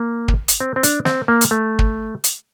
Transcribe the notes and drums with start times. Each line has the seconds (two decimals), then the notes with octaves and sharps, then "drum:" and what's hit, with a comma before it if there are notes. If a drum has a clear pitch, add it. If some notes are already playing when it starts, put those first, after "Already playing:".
Already playing: A#3
0.28 drum: kick
0.48 drum: hi-hat
0.60 C4
0.76 C4
0.83 D4, drum: hi-hat
1.05 C4, drum: snare
1.28 A#3
1.41 drum: hi-hat
1.51 A3
1.79 drum: kick
2.24 drum: hi-hat